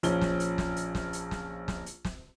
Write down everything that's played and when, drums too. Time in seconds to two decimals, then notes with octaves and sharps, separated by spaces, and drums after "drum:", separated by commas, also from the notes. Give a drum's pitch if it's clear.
0.03 A#1 F3 C#4 G7, drum: hi-hat
0.21 drum: snare
0.40 drum: hi-hat
0.58 drum: snare
0.76 drum: hi-hat
0.95 drum: snare
1.13 drum: hi-hat
1.31 drum: snare
1.68 drum: snare
1.86 drum: hi-hat
2.05 drum: snare